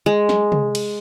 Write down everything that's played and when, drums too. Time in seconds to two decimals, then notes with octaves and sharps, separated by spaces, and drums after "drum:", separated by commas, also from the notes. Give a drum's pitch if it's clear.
0.06 G#3
0.29 drum: snare
0.52 drum: tom C3
0.75 drum: cymbal